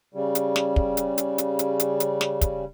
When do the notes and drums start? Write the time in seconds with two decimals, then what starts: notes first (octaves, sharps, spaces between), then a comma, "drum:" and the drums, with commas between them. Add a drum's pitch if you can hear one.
0.14 C#3 G3
0.35 drum: hi-hat
0.56 drum: snare
0.76 drum: kick
0.97 drum: hi-hat
1.18 drum: hi-hat
1.38 drum: hi-hat
1.59 drum: hi-hat
1.80 drum: hi-hat
2.00 drum: hi-hat
2.21 drum: snare
2.41 drum: kick, hi-hat